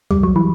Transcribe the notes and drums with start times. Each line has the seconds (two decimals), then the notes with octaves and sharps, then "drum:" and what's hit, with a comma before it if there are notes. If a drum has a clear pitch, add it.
0.11 G3, drum: tom
0.23 F#3
0.36 E3